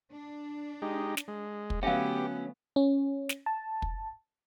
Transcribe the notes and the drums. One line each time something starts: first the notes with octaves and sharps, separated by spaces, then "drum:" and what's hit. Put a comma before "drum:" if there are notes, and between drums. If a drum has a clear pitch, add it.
D4
G#3 D#4 G4
drum: snare
G#3
drum: kick
D3 F#3 A3 B3 C#4 G4 E5 F5
C#4
drum: snare
A5
drum: kick